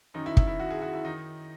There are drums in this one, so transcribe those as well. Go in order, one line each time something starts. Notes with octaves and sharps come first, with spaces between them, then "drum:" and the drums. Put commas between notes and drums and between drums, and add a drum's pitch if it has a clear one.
F#2 D#3 D#4
E4
E4, drum: kick
E4
F#4
G#4
F#4
E4
D#3 D#4